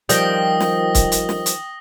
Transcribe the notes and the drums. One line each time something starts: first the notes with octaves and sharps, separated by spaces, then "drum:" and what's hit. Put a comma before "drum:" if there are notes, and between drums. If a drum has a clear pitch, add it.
D#3 F3 G3 G5 D#6 A#6 G7, drum: hi-hat
drum: snare
drum: kick C#1, hi-hat
drum: hi-hat
drum: snare
drum: hi-hat